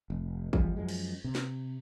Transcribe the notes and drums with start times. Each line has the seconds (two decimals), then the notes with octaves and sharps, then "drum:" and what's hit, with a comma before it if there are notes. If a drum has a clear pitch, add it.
0.10 F1
0.53 E2 F3 G3 G#3, drum: kick
0.77 F#2 F3 G#3
0.89 drum: cymbal
1.24 C3
1.35 drum: snare